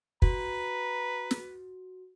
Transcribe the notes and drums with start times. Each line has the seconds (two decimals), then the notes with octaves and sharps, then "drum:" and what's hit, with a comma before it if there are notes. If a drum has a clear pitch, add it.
0.22 F#4 B4 A#5, drum: kick
1.31 drum: snare